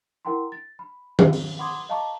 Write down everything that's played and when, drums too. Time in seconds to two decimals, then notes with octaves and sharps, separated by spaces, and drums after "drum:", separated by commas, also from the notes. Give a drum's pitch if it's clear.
0.25 E4 A#4 F#5 G5 A#5 C6
0.52 A6
0.79 B5
1.19 drum: tom D#3
1.33 drum: open hi-hat
1.59 F#5 B5 C6 D6 D#6 G#6
1.89 D#5 F5 A5 A#5 C#6 D6